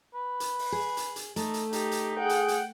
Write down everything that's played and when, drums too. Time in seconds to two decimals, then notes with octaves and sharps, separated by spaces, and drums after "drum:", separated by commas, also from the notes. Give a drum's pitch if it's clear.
0.14 B4
0.40 drum: hi-hat
0.59 drum: open hi-hat
0.72 G#4
0.97 drum: hi-hat
1.16 drum: hi-hat
1.36 A3 D#4, drum: hi-hat
1.54 drum: hi-hat
1.73 D#4 G4, drum: hi-hat
1.92 drum: hi-hat
2.18 G#4 F#5 G5
2.29 drum: hi-hat
2.48 drum: hi-hat